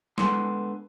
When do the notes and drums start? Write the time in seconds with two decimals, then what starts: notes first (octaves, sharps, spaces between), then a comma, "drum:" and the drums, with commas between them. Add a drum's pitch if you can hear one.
0.18 D3 G#3 B3 C6, drum: snare